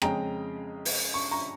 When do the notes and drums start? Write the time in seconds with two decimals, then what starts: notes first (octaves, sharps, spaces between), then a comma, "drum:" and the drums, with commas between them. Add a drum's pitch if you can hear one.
0.02 F2 C#3 G#3 C#4 G5 A#5, drum: rim click
0.85 drum: open hi-hat
1.14 C#6
1.31 A#5 C#6